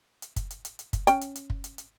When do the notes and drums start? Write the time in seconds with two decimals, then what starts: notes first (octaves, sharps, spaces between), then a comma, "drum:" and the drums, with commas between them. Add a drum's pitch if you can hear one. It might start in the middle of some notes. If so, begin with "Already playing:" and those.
0.22 drum: hi-hat
0.36 drum: kick, hi-hat
0.51 drum: hi-hat
0.65 drum: hi-hat
0.79 drum: hi-hat
0.93 drum: kick, hi-hat
1.07 C#4 G5, drum: hi-hat
1.21 drum: hi-hat
1.36 drum: hi-hat
1.50 drum: kick
1.64 drum: hi-hat
1.78 drum: hi-hat